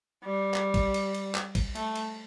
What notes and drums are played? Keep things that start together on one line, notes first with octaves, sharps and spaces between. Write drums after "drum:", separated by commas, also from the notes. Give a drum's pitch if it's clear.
G3
drum: clap
drum: kick B1, cymbal
drum: cymbal
drum: cymbal
drum: clap
drum: kick B1, cymbal
A3, drum: cymbal
drum: cymbal